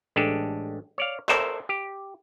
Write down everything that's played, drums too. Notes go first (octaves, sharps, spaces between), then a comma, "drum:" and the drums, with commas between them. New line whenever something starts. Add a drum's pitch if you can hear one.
A1 G#3 D4 G4 A4
C#5 D5 F5
A4 A#4 C5 E5, drum: clap
G4